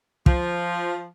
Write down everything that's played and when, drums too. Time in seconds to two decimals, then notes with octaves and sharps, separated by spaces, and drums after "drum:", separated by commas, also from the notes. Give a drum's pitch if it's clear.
0.26 F3, drum: kick